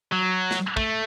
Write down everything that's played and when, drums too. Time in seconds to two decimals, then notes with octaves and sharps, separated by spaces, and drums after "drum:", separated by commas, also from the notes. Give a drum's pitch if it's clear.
0.12 F#3
0.51 drum: snare
0.77 A3, drum: kick